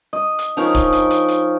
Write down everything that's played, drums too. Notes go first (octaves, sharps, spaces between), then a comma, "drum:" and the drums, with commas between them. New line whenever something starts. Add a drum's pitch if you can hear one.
D#5
drum: hi-hat
F3 C#4 D#4 A#4, drum: open hi-hat
drum: kick, hi-hat
drum: hi-hat
drum: hi-hat
drum: hi-hat